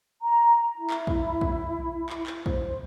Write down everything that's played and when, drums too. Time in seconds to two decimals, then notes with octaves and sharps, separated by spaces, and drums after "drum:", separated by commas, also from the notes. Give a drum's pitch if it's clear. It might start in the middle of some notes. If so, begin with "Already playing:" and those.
0.22 A#5
0.77 E4
0.90 drum: clap
1.07 drum: kick
1.41 drum: kick
2.09 drum: clap
2.27 drum: clap
2.46 C5, drum: kick